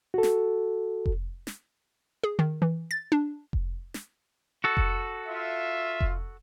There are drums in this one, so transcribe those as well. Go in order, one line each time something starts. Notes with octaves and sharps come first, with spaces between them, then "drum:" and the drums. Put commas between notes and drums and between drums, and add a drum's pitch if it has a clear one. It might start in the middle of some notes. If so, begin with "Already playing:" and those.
F#4 A4
drum: snare
drum: kick F1
drum: snare
G#4
D#3
E3
A6
D4
drum: kick F1
drum: snare
F#4 A4
drum: kick F1
F4 E5
drum: kick F1